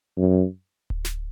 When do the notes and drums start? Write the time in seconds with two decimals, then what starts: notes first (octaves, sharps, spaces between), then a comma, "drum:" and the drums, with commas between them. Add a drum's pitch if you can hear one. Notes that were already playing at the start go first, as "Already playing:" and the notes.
0.18 F#2
0.90 drum: kick D1
1.05 drum: snare